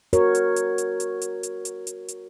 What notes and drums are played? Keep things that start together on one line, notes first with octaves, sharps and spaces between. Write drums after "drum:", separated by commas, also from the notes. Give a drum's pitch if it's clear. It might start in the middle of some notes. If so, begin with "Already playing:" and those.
F#4 A#4 C#5, drum: hi-hat
drum: hi-hat
drum: hi-hat
drum: hi-hat
drum: hi-hat
drum: hi-hat
drum: hi-hat
drum: hi-hat
drum: hi-hat
drum: hi-hat